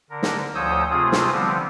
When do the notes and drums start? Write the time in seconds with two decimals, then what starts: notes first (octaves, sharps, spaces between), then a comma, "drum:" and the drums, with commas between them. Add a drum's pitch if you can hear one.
0.10 D3 A#4
0.23 drum: snare
0.55 D2 F3 C#5 D#6 E6 G6
0.90 C3 A3 C4 F4 G#4 D#6
1.12 drum: snare
1.31 D3 F3 G3 B3 C4